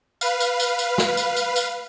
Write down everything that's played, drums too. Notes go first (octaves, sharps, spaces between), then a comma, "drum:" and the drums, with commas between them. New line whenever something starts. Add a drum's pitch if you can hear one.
B4 F5, drum: tambourine
drum: tambourine
drum: tambourine
drum: tambourine
drum: snare
drum: tambourine
drum: tambourine
drum: tambourine